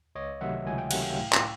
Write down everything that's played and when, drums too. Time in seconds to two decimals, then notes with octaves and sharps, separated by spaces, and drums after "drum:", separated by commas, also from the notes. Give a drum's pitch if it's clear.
0.15 C#2 C#5 D#5
0.41 C3 D#3 F#3 A3 E5 F#5
0.66 C#2 G#5
0.78 G5
0.91 C3 D#3 F#3 A3 F#5, drum: cymbal
1.02 F5 G5
1.19 A2
1.33 drum: clap